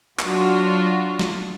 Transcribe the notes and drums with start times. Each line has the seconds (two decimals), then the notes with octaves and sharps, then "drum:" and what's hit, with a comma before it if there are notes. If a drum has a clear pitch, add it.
0.19 F#3 D4 F4 F#4, drum: clap
1.19 drum: snare